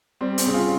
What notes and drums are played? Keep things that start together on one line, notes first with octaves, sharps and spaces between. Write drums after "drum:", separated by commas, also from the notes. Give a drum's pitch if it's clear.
G3 C4
C4, drum: hi-hat
C#3
F4